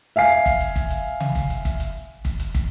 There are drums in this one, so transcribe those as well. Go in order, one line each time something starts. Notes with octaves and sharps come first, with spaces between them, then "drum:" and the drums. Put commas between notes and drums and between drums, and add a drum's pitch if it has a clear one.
E5 F5 G#5 C7
drum: kick, hi-hat
drum: hi-hat
drum: kick, hi-hat
drum: hi-hat
drum: tom C3
drum: kick, hi-hat
drum: hi-hat
drum: kick, hi-hat
drum: hi-hat
drum: kick, hi-hat
drum: hi-hat
drum: kick, hi-hat